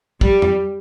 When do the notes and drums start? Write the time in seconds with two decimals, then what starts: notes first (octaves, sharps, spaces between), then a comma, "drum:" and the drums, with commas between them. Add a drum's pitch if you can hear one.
0.21 G3, drum: kick
0.42 drum: tom F2